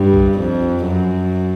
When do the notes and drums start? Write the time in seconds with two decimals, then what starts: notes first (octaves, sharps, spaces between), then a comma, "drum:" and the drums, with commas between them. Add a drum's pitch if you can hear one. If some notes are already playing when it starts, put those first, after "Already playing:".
Already playing: G2
0.13 drum: kick B1
0.39 F2
0.85 F#2